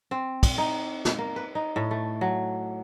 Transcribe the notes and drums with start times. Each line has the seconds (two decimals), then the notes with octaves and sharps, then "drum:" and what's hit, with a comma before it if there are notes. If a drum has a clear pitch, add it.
0.11 C4
0.43 drum: kick, cymbal
0.58 D#4
1.05 drum: snare
1.18 A#3
1.36 B4
1.55 D#4
1.76 A2
1.91 A3
2.21 F#3